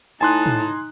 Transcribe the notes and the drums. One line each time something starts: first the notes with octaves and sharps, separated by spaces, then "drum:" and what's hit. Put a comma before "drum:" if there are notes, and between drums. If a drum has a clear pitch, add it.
A2 D#4 G#5 A5 C6 F#6
drum: tom